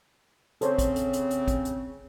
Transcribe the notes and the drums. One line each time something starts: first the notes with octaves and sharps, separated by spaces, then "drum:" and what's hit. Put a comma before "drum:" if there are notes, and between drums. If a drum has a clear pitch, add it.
C#3 C4 A4 C5 C#5, drum: hi-hat
drum: kick, hi-hat
drum: hi-hat
drum: hi-hat
drum: hi-hat
drum: kick, hi-hat
drum: hi-hat